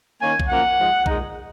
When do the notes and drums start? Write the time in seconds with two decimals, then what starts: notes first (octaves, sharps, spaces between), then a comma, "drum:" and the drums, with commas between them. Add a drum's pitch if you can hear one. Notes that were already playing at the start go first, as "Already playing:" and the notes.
0.21 D#3 A#3 C#4 G#5
0.40 drum: kick B1
0.49 F#2 F3 A#3 C#4 F#5
0.77 G#2 F3 G#3
1.06 A#2 G#3 D#4, drum: kick B1